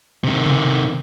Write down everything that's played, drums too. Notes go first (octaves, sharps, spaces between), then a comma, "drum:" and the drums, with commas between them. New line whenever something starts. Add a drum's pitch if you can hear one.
C3 D#3
drum: tom C3